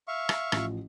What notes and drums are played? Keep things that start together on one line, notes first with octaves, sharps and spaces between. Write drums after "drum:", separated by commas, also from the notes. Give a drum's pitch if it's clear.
E5 F5 C#6
drum: rim click
A1 F3, drum: rim click